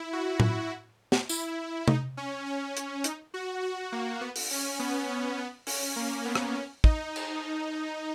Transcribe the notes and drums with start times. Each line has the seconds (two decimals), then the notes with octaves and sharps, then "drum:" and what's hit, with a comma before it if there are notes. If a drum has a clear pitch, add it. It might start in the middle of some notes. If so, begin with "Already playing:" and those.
Already playing: E4
0.13 F#4
0.40 drum: tom A2
1.12 drum: snare
1.29 E4, drum: tambourine
1.88 D#4, drum: tom
2.17 C#4
2.46 C#4
2.77 drum: hi-hat
3.04 D#4, drum: hi-hat
3.34 F#4
3.63 F#4
3.92 A#3
4.21 B3
4.36 drum: open hi-hat
4.51 C#4
4.79 B3
5.09 B3
5.38 B3
5.67 C#4, drum: open hi-hat
5.96 A#3
6.25 B3
6.35 drum: rim click
6.55 C#4
6.84 D#4, drum: kick
7.16 drum: cymbal